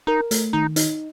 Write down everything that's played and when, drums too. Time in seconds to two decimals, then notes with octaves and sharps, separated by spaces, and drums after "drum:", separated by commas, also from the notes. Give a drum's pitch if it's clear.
0.07 D#4 A#4
0.31 A3, drum: hi-hat
0.53 D#3 D#4
0.76 D#4, drum: hi-hat